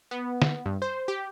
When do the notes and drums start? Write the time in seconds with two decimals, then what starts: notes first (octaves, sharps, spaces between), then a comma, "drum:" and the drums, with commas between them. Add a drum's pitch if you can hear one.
0.11 B3
0.42 drum: snare D3
0.66 G2
0.82 C5
1.08 G4